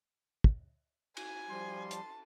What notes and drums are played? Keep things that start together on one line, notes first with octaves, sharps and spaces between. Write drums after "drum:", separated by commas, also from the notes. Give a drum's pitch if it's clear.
drum: kick
G#5, drum: cymbal
F3 G3 C6
A5, drum: hi-hat